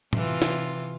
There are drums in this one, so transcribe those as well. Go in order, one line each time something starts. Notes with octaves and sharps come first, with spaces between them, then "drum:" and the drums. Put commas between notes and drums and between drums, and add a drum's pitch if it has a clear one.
C3 E3 F4, drum: tom A2
drum: snare